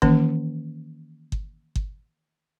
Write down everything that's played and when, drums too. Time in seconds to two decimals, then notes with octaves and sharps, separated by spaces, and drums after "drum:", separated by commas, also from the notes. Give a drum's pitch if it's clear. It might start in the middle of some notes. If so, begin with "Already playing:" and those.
0.02 D#3 E3 A#3 C#4, drum: kick G1
1.32 drum: kick G1
1.76 drum: kick G1